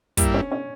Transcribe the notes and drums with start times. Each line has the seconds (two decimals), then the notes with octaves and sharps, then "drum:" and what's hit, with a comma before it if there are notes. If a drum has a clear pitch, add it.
0.17 G2 G3 A#3 E4, drum: kick, hi-hat
0.34 C#4
0.52 C#4